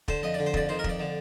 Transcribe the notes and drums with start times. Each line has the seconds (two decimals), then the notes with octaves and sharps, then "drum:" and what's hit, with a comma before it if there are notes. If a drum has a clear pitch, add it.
0.08 D3 C5, drum: kick
0.23 F2 D#5
0.34 D3 D5
0.46 C5
0.54 F2 D5, drum: kick
0.69 D#3 C5
0.79 A#4
0.84 F2 D5, drum: kick
0.99 D3